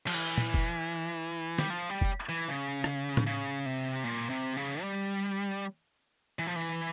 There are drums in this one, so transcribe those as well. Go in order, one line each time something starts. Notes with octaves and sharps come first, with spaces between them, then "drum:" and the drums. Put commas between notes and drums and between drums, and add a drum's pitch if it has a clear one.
F3, drum: cymbal
E3
drum: tom A#2
drum: kick F1
G3, drum: snare
F3
G3
drum: kick F1
E3
C#3
drum: rim click
drum: tom A2
C#3
C3
A#2
C3
C#3
G3
E3
F3
E3